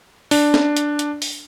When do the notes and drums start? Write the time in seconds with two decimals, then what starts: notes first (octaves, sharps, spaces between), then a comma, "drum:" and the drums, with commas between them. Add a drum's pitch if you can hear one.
0.31 D4, drum: open hi-hat
0.54 drum: snare
0.77 drum: hi-hat
0.99 drum: hi-hat
1.22 drum: open hi-hat